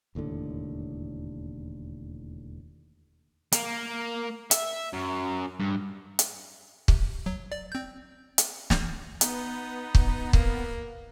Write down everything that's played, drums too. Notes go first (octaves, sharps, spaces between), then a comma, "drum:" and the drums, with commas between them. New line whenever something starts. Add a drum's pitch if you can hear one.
E1 D#2 A2 D3
A#3, drum: hi-hat
E5, drum: hi-hat
F#2
G2
drum: hi-hat
C3, drum: kick
F#3
D5
C4 G6
drum: hi-hat
drum: snare
B3 D#4, drum: hi-hat
drum: kick
A#3, drum: kick